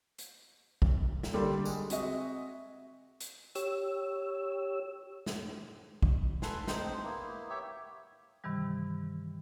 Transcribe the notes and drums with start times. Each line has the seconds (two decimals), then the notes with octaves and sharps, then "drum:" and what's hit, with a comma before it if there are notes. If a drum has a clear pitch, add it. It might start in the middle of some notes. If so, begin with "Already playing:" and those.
0.18 drum: hi-hat
0.82 drum: kick
1.23 drum: snare
1.34 D3 G3 A#3 G4 D5 C6
1.65 G#3, drum: tambourine
1.90 C4 F#4 G#4 D#5 E5, drum: hi-hat
3.20 drum: hi-hat
3.55 G4 C#5 E6, drum: hi-hat
5.26 drum: snare
6.02 drum: kick
6.42 A4 B4 G#5 C6, drum: snare
6.67 C4 D#4 C5, drum: snare
7.04 A#3 B3 E4
7.50 G4 C#5 E5
8.44 G2 C3 D#3 E3 G3